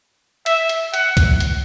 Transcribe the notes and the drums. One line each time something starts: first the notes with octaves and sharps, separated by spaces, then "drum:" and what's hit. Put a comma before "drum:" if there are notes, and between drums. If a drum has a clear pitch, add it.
E5, drum: hi-hat
drum: hi-hat
F#5, drum: hi-hat
drum: kick C2, hi-hat
drum: hi-hat